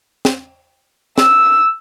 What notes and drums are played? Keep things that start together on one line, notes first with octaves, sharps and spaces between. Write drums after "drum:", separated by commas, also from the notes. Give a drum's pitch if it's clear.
drum: snare
E6, drum: snare